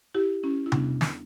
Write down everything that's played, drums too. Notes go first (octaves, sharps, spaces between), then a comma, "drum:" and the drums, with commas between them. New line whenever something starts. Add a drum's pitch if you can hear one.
E4 G4
C#4 E4
E4
E2 C#3 G3 B3 D4, drum: tom C3
drum: snare